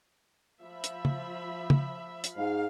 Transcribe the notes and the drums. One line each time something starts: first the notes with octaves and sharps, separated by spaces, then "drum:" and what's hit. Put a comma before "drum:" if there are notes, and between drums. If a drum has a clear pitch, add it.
F3 E5 B5
drum: hi-hat
drum: tom
drum: tom
drum: hi-hat
G#2 F5